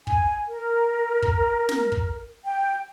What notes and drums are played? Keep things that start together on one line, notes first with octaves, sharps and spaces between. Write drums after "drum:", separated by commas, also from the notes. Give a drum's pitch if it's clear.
G#5, drum: kick
A#4
drum: kick
drum: snare
drum: kick
G5